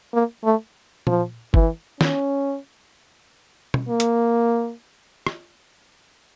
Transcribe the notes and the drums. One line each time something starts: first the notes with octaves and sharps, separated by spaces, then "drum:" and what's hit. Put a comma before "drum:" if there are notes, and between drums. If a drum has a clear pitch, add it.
A#3
A3
F3, drum: tom A#2
E3, drum: kick G1
C#4, drum: snare
drum: tom
A#3
drum: hi-hat
drum: rim click